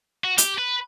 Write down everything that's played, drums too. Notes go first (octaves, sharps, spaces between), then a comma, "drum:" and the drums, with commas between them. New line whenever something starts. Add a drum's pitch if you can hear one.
F#4
G4, drum: hi-hat
B4